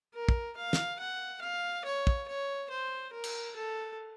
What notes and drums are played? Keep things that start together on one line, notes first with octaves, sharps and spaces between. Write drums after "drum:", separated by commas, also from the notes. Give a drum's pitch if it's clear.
A#4
drum: kick
F5
drum: snare
F#5
F5
C#5
drum: kick
C#5
C5
A#4
drum: cymbal
A4